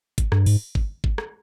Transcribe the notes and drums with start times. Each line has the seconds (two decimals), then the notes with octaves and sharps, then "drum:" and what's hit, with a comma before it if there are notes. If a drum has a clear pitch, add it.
0.18 drum: kick G1, hi-hat
0.32 G2, drum: rim click
0.46 G#2, drum: open hi-hat
0.75 drum: kick G1
1.04 drum: kick G1
1.18 drum: rim click